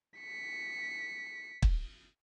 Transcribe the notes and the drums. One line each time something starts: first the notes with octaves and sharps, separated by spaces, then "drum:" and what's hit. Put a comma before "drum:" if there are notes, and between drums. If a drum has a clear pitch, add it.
B6 C#7
drum: kick